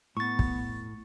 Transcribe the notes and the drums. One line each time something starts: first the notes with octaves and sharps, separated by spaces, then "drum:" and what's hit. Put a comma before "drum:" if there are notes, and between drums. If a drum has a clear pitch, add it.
A2 B3 C#6 A6
drum: kick